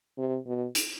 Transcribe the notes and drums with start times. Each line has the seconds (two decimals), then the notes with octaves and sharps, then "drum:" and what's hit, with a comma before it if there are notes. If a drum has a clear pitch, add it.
0.18 C3
0.46 B2
0.75 drum: hi-hat